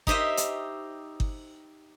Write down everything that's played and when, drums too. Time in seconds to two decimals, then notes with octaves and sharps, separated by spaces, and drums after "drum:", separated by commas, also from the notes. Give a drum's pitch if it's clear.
0.07 D#4 G4 C5 D#5 E5, drum: kick G1
0.37 drum: hi-hat
1.20 drum: kick G1